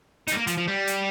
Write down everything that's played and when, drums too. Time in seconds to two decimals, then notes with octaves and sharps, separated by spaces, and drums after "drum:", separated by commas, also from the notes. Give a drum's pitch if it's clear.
0.28 D#4, drum: hi-hat
0.32 G3
0.37 A#3
0.47 F3, drum: hi-hat
0.58 F3
0.68 G3
0.87 drum: hi-hat